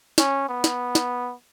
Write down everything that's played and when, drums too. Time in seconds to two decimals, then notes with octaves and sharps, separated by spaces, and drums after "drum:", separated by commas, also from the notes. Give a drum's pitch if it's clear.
0.18 C#4, drum: snare
0.49 B3
0.64 drum: snare
0.95 drum: snare